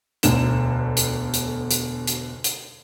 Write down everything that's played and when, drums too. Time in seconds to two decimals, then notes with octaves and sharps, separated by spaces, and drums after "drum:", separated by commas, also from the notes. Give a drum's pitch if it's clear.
0.23 E1 D2 B2 D3 E7, drum: hi-hat
0.97 drum: hi-hat
1.34 drum: hi-hat
1.71 drum: hi-hat
2.07 drum: hi-hat
2.44 drum: hi-hat